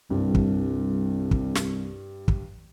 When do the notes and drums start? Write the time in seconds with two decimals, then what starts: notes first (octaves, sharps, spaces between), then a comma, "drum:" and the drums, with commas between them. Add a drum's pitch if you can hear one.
0.10 C2 G2
0.35 drum: kick
1.31 drum: kick
1.55 drum: snare
2.28 drum: kick